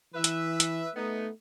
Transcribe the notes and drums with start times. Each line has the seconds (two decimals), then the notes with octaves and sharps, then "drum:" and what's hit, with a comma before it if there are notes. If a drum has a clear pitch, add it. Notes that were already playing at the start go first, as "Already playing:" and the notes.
0.14 E3 B4 E5
0.24 drum: hi-hat
0.60 drum: hi-hat
0.96 A3 B3 D#4